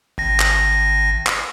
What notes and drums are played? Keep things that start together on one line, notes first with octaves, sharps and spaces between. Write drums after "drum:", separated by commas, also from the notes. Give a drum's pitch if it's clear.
G#1 A#6
drum: clap
drum: clap